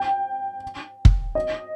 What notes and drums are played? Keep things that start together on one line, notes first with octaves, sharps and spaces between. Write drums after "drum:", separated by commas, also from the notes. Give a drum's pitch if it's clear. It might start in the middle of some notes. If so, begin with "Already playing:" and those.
Already playing: G5
drum: kick
D#5